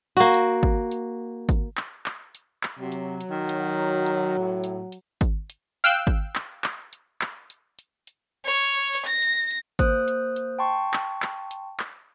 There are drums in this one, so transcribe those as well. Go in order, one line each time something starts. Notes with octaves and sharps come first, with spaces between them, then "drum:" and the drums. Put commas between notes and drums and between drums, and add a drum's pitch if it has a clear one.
A#3 F#4
drum: hi-hat
drum: kick G#1
drum: hi-hat
drum: kick G#1, hi-hat
drum: clap
drum: clap
drum: hi-hat
drum: clap
C3 F#3
drum: hi-hat
drum: hi-hat
D#3
drum: hi-hat
drum: hi-hat
A2
drum: hi-hat
drum: hi-hat
drum: kick G#1, hi-hat
drum: hi-hat
F5 G5 E6 F#6
drum: kick G#1, hi-hat
drum: clap
drum: clap
drum: hi-hat
drum: clap
drum: hi-hat
drum: hi-hat
drum: hi-hat
C#5
drum: hi-hat
drum: open hi-hat
A#6
drum: hi-hat
drum: hi-hat
A#3 C5 D#6 F#6, drum: kick G#1, hi-hat
drum: hi-hat
drum: hi-hat
G5 A5 C6 C#6
drum: clap
drum: clap
drum: hi-hat
drum: clap